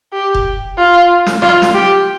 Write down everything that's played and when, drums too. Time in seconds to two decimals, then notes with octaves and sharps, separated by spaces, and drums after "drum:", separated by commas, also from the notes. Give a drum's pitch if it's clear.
0.13 G4
0.35 drum: kick F1
0.78 F4
1.26 drum: snare
1.42 F4, drum: rim click
1.62 drum: snare
1.74 G4